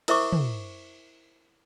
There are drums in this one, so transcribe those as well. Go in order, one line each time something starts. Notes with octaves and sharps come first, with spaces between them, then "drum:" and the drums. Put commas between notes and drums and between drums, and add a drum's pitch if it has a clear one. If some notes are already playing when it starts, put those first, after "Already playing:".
E4 A#4 C5 E5 C#6 D6, drum: cymbal
drum: tom